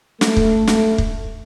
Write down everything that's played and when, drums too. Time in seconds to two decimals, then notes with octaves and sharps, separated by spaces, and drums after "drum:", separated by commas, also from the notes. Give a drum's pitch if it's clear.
0.21 A3, drum: snare
0.37 drum: kick
0.67 drum: snare
0.98 drum: kick